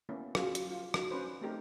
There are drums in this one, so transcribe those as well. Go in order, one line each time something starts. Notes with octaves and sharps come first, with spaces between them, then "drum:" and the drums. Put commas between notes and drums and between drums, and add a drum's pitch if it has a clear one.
A#3 B3 C#4 E4
F#3 C#4 F4 F#4 G#4, drum: rim click
drum: hi-hat
F4
D#4 F#4, drum: rim click
C#4 D4 B4 C5
A3 C4 D4 D#4 G4 A#4